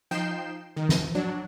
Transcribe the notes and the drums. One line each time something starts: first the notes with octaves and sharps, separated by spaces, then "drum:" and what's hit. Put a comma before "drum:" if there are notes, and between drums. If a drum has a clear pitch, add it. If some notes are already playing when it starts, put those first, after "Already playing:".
F3 D#4 G5 G6 C7 E7
D#3
drum: snare
F#3 D4